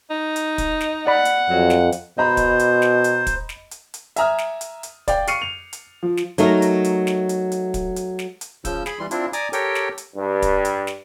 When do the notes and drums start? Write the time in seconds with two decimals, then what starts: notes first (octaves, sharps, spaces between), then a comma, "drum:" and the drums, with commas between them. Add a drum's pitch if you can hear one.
0.10 D#4
0.36 drum: hi-hat
0.58 drum: kick, hi-hat
0.81 drum: snare
1.07 D5 F#5 B5
1.25 drum: hi-hat
1.50 F2 F#3
1.70 drum: snare
1.92 drum: hi-hat
2.18 B2 C5 D#5 A#5 B5
2.37 drum: kick, hi-hat
2.59 drum: hi-hat
2.82 drum: snare
3.04 drum: hi-hat
3.27 drum: kick, hi-hat
3.49 drum: snare
3.71 drum: hi-hat
3.94 drum: hi-hat
4.16 E5 G#5 A#5 D#6 F6, drum: hi-hat
4.38 drum: snare
4.61 drum: hi-hat
4.83 drum: hi-hat
5.08 D5 F5 G5, drum: kick, hi-hat
5.27 C#6 F6 C7 C#7 D#7, drum: hi-hat
5.42 F7
5.73 drum: hi-hat
6.03 F3
6.17 drum: snare
6.38 F#3 A3 D#4 A#4, drum: hi-hat
6.62 drum: hi-hat
6.84 drum: hi-hat
7.07 drum: snare
7.29 drum: hi-hat
7.52 drum: hi-hat
7.74 drum: kick, hi-hat
7.96 drum: hi-hat
8.19 drum: snare
8.41 drum: hi-hat
8.65 C#3 F3 E6 G6, drum: kick, hi-hat
8.86 G#4 B5, drum: snare
8.99 E3 G3 C6
9.11 C4 D4 E4 F4, drum: hi-hat
9.33 D5 G#5 A#5 D6 D#6, drum: hi-hat
9.53 G4 A4 A#4 C#5 G5, drum: hi-hat
9.75 drum: snare
9.98 drum: hi-hat
10.16 G2
10.42 drum: kick, hi-hat
10.65 drum: hi-hat
10.87 drum: snare